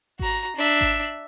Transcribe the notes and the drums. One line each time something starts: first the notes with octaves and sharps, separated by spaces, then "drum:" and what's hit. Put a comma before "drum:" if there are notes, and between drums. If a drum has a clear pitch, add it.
F#4 A#5, drum: kick G#1
D4 E5
drum: kick G#1